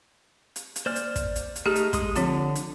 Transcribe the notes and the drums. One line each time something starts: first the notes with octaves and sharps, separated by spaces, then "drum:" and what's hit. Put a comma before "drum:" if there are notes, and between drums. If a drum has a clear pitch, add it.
drum: hi-hat
drum: hi-hat
A#3 C5 D5 F6
drum: hi-hat
drum: kick, hi-hat
drum: hi-hat
drum: hi-hat
A3 D#4 G4 G#4 F6
drum: hi-hat
G#3 D#6, drum: kick, hi-hat
D3 F3 C4 F4, drum: hi-hat
drum: hi-hat